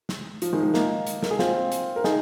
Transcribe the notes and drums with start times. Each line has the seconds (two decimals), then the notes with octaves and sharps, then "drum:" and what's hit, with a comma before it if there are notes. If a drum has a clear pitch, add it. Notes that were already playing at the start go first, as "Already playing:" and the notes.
0.09 drum: snare
0.42 F3, drum: hi-hat
0.53 D#3 G#3
0.63 D#3
0.74 A#3 D#4, drum: snare
1.07 drum: hi-hat
1.23 A#4, drum: snare
1.31 G#4
1.39 C4 F4, drum: snare
1.72 drum: hi-hat
1.96 A#4
2.04 D#4 G#4, drum: snare